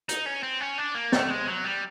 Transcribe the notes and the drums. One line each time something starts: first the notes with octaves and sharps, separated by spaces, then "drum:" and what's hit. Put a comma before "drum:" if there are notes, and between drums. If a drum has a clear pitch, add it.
D#4, drum: hi-hat
C#4
C4
C#4
D4
A#3
A3, drum: snare
G#3
F#3
G3